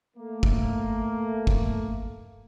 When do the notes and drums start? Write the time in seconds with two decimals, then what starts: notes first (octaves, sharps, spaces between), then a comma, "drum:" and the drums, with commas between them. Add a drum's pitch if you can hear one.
0.17 A3 A#3
0.43 drum: kick
1.47 drum: kick